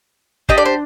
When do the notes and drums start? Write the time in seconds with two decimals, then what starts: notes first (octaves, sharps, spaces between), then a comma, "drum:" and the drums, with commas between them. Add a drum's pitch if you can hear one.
0.49 D4 G4 D#5, drum: kick
0.58 D5
0.65 C5